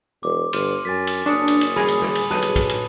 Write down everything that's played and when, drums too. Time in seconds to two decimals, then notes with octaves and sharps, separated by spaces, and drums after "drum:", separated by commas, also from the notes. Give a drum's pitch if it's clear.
0.23 E1 D6
0.53 G1 C6 F6 D#7, drum: cymbal
0.85 F#2 G#5 A6 B6
1.07 drum: cymbal
1.26 F#1 D4 C#6 D#6 C#7
1.48 drum: cymbal
1.61 drum: cymbal
1.76 G#4 B5, drum: snare
1.88 drum: cymbal
2.02 drum: snare
2.15 drum: cymbal
2.31 B1 A5 F#6 D#7, drum: snare
2.42 drum: cymbal
2.56 drum: kick, cymbal
2.69 drum: cymbal